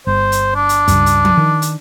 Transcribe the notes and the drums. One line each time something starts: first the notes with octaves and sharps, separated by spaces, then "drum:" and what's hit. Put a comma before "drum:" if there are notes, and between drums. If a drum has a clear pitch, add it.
G1 C5
drum: hi-hat
D4
drum: hi-hat
C#2 G2, drum: kick, hi-hat
drum: hi-hat
drum: tom F3
D#3
drum: hi-hat